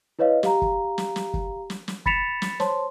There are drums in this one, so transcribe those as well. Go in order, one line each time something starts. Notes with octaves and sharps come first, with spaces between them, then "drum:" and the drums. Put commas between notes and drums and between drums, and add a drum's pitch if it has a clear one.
E4 B4 C#5 D#5 F5
G4 F5 A#5, drum: snare
drum: kick
drum: snare
drum: snare
drum: kick
drum: snare
drum: snare
B5 A6 B6 C#7 E7 F7, drum: kick
drum: snare
C5 C#5 A5 C6, drum: snare